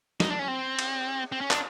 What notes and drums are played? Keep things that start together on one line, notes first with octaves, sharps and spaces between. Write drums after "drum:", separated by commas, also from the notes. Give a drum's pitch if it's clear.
D#4, drum: snare
D4
C#4
C4
drum: cymbal
C4
C#4
D4, drum: clap